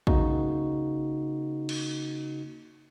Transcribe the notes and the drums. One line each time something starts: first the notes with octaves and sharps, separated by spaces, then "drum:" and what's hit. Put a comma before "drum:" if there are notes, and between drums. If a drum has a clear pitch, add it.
C#3 A#3 D#4 F#4, drum: kick
drum: cymbal